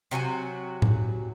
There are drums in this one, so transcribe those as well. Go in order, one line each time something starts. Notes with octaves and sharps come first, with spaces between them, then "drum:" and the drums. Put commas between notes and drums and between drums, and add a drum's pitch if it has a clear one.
C3 F#3 F#4 G#5
drum: tom A2